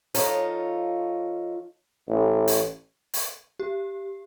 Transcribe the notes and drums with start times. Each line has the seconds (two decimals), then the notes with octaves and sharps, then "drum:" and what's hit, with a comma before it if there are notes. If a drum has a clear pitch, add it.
0.14 F3 D#4 F4 A4 C#5 D#5, drum: open hi-hat
2.08 A1
2.48 drum: open hi-hat
3.14 drum: open hi-hat
3.59 G4